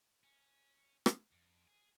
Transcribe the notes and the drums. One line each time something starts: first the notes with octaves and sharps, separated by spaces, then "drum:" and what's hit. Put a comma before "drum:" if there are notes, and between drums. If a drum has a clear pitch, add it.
C#4
drum: rim click
F2
G#4